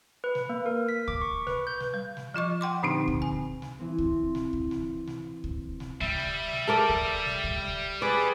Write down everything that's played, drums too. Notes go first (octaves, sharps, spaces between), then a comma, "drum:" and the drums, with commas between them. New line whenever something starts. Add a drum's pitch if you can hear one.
B4
drum: snare
A#3
A#4
B6
D6, drum: kick C#2
C#6
B4, drum: snare
G6
drum: snare
G3
drum: snare
F3 F4 D#5 C#6
F#5 G5 C6 D6
A#2 D3 C4 D4 D#4
drum: kick C#2
G#5
drum: snare
E3 C4
drum: kick C#2
drum: snare
drum: kick C#2
drum: snare
drum: snare
drum: kick C#2
drum: snare
G3 E5, drum: kick C#2
drum: snare
drum: snare
A4 A#4 D5
drum: kick C#2
drum: snare
drum: kick C#2
drum: snare
G#4 B4 D5